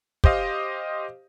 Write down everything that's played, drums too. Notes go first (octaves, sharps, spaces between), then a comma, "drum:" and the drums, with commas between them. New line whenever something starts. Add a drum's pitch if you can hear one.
G4 C5 D#5 F5, drum: kick